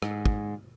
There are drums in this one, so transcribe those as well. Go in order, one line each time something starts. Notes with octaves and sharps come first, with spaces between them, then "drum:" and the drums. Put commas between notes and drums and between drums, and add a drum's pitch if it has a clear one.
G#2, drum: rim click
drum: kick